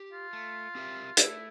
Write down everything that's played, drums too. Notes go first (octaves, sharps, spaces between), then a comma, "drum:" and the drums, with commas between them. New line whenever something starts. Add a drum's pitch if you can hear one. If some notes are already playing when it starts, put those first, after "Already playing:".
Already playing: G4
F4
A3
C4 G4 A#4 E5
A3 E4, drum: hi-hat